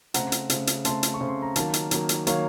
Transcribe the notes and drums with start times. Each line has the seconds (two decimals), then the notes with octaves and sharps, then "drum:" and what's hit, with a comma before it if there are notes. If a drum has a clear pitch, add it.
0.14 C#3 A3 C4 F#5 A#5, drum: hi-hat
0.32 drum: hi-hat
0.50 C#3 A3 C4, drum: hi-hat
0.67 drum: hi-hat
0.85 C#3 A3 C4 A5 C6, drum: hi-hat
1.03 drum: hi-hat
1.14 C#6
1.21 C#3 A3 C4
1.28 C6
1.42 A#5
1.56 D#3 F#3 A#3 F5 A5, drum: hi-hat
1.74 drum: hi-hat
1.91 D#3 F#3 A#3, drum: hi-hat
2.09 drum: hi-hat
2.27 D#3 F#3 A#3 C#5 F5, drum: hi-hat